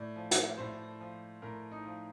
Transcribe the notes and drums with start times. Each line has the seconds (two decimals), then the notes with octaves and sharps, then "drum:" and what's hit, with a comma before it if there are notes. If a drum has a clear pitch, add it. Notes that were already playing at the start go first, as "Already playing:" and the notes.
Already playing: A2 D5
0.16 F3
0.31 drum: hi-hat
0.57 A2 C5
1.01 F3
1.42 A2 A#4
1.71 D#4
1.85 F3